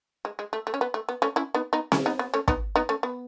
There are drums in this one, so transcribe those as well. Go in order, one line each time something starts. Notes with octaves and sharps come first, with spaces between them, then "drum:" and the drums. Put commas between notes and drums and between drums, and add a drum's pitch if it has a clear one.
G#3
G#3
A3
A3
C#4
B3
A3
B3
A3 C#4
C#4 E4
B3 D#4
B3 D#4
C#4 E4, drum: snare C4
B3 D#4
B3
A3 C#4
B3 D#4, drum: kick
B3 D#4
A3 C#4
B3